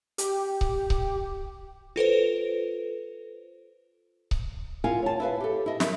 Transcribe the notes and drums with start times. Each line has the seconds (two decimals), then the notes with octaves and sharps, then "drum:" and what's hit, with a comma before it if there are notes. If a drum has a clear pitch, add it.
0.18 G4, drum: hi-hat
0.61 drum: kick C#1
0.90 drum: kick C#1
1.96 F4 A4 B4 C5
4.31 drum: kick C#1
4.84 E4 F4 A#4 F5 F#5 G#5
5.02 C#5 A5
5.20 E4 B4 F5
5.41 G4 A4
5.66 E4 D#5
5.80 A#4 E5, drum: snare